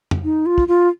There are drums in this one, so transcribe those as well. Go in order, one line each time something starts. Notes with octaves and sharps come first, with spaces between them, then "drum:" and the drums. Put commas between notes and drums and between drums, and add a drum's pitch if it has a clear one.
drum: tom F2
D#4
F4
drum: kick
F4